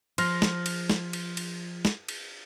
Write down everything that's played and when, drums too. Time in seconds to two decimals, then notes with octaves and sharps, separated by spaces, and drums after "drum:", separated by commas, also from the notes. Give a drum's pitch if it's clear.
0.18 F3 C6 F6 A#6, drum: cymbal
0.42 drum: snare
0.66 drum: cymbal
0.90 drum: snare
1.13 drum: cymbal
1.37 drum: cymbal
1.85 drum: snare
2.09 drum: cymbal